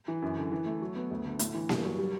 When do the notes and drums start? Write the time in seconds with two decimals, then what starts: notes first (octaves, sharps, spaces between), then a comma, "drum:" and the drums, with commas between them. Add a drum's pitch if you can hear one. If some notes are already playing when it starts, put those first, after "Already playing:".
0.08 E3
0.22 F#2
0.37 D3
0.52 E3
0.66 A3
0.82 F#3
0.96 B3
1.11 D2
1.25 D3
1.39 A2, drum: hi-hat
1.54 E3
1.69 G2, drum: snare A#3
1.84 F#3
1.99 G3